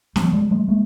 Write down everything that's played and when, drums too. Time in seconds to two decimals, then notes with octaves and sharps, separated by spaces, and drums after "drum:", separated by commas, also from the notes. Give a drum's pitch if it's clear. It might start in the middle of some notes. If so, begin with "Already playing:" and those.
0.16 F3 G3, drum: snare
0.33 F#3 G#3
0.51 G3 A3
0.68 G#3 A#3